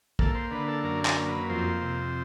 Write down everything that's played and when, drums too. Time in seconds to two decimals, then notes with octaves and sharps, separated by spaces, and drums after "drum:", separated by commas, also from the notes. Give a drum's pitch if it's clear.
0.19 A#3 A4, drum: kick
0.35 C5
0.51 D3 B4
0.68 A4
0.84 F#2 A#4
1.05 A#4, drum: clap
1.16 A#3
1.28 B4
1.49 F2 C5
1.81 C3